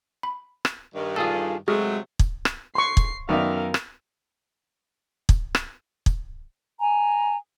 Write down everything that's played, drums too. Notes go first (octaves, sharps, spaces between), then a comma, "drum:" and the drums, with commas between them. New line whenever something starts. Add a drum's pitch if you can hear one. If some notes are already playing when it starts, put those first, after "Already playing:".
B5
drum: rim click
G2 D#3
F4 G#4 A4 D#6 E6
C3 F#3 G#3 A3 F#4 G#4 F6
drum: kick
drum: rim click
C6 C#6 C7
drum: kick
F#2 D#3 B3 A#4 D5 E5 F5
drum: rim click
drum: kick
drum: rim click
drum: kick
G#5 A#5